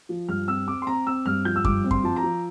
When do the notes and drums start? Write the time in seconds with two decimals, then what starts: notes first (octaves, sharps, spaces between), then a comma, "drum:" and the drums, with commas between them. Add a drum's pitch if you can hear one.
0.09 F3
0.29 G2 F6
0.48 C4 E6
0.67 C4 D6
0.82 C6
0.87 C4 A#5
1.07 C4 E6
1.26 G2 F6
1.45 F3 G6
1.56 E6
1.65 G2 D6, drum: kick F#2
1.84 C4
1.91 C6, drum: kick F#2
2.04 F3 A5
2.16 A#5
2.23 F3